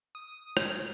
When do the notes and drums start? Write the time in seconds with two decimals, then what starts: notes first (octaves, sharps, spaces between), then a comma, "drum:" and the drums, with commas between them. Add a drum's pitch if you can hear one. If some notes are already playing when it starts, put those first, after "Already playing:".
0.15 D#6
0.57 G#2 F6 G#6 F#7, drum: rim click